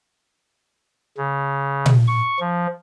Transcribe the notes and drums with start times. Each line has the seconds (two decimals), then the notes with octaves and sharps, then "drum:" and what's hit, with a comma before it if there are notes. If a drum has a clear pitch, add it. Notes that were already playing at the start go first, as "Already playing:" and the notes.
1.18 C#3
1.86 drum: tom A#2
2.07 C#6
2.40 F3